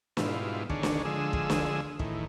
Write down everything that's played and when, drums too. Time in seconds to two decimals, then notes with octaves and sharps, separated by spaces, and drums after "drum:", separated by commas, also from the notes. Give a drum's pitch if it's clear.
0.17 G#2 B2 G3 E4 F4, drum: snare
0.70 D3 D#3 D4 G#4 C#5, drum: kick
0.83 drum: snare
1.05 D3 F3 G#3 G#4 E6
1.33 drum: kick
1.50 drum: snare
1.99 A2 D#3 E3, drum: kick